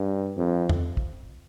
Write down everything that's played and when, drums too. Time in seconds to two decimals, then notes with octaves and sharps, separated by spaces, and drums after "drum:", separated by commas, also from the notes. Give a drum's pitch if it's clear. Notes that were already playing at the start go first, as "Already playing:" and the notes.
Already playing: G2
0.37 F2
0.69 drum: tom
0.97 drum: kick